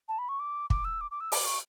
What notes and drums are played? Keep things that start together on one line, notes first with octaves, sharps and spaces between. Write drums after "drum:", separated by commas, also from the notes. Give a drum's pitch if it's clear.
A5
B5
C#6
D6
D6, drum: kick
E6
D6
D6
E6
D6, drum: open hi-hat
C#6